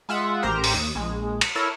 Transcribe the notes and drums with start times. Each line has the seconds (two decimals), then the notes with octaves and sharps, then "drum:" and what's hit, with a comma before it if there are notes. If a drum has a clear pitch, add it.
0.09 G#3 F4 E5 F#5
0.43 A1 G4 A#4 C5 A#5
0.64 drum: open hi-hat
0.74 D#2 D#6
0.95 A#1 G#3
1.41 drum: cymbal
1.55 E4 A4 A#4 C#5